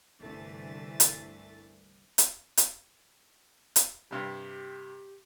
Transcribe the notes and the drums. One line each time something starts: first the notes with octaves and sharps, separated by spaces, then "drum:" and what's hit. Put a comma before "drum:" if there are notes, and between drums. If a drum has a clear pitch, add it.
G1 C2 D3 E3 A3 A6
drum: hi-hat
drum: hi-hat
drum: hi-hat
drum: hi-hat
G2 C3 G3 G4